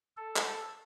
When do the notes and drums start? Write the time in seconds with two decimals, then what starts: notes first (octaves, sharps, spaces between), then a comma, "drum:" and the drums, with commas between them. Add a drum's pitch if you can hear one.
0.17 A4
0.36 drum: clap